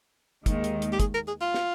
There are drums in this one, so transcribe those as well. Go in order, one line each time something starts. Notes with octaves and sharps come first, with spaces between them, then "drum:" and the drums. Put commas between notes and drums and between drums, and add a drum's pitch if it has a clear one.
D#2 D#3 G#3, drum: kick, hi-hat
drum: hi-hat
drum: hi-hat
G4
G#4, drum: kick, hi-hat
A#4
G#4
F4
drum: snare